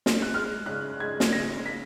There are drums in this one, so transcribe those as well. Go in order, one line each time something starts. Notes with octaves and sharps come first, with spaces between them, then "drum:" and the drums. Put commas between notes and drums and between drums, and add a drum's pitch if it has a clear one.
drum: snare
F#6
G#3 F6
C#3 F#6
G#3 G#6
drum: snare
C#3 A#6
A#3 B6